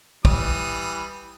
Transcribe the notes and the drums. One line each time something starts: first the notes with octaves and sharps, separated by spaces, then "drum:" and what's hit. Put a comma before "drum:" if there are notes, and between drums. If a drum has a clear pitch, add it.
E3 G3 D#6, drum: kick